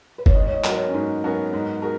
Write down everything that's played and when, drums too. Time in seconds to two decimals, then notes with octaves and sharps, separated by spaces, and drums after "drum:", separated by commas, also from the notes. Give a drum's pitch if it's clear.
0.18 B4
0.26 C#5, drum: kick F#1
0.34 G#2 D#5
0.46 C#5
0.54 D#5
0.64 F#3 B3 F#4 A#4, drum: clap
0.74 C#5
0.89 C#4
0.94 G#2 D#4
1.24 F#3 B3 C#4 F#4 A#4
1.53 G#2 D#4
1.82 F#4 G#4 A#4